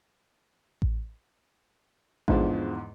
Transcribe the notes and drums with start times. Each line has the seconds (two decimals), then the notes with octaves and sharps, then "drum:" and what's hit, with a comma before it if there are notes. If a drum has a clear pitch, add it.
0.82 drum: kick A1
2.28 E2 G#2 D3 F3, drum: kick A1